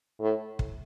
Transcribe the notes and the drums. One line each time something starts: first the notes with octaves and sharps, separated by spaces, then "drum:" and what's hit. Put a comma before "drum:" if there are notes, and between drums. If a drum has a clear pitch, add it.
A2
drum: kick